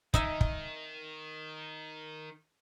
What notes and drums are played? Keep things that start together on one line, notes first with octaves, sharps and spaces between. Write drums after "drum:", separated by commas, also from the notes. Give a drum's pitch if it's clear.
D#3 D#4 E5 G#5, drum: kick
drum: kick